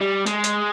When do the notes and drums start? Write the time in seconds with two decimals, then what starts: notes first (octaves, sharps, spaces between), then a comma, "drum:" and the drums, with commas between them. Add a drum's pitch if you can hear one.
0.01 G3
0.26 G#3, drum: hi-hat
0.44 drum: hi-hat